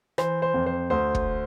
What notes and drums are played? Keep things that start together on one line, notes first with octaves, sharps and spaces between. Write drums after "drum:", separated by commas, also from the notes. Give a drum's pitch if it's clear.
E3 C5, drum: rim click
C5
F2
C5
D2 C5
drum: kick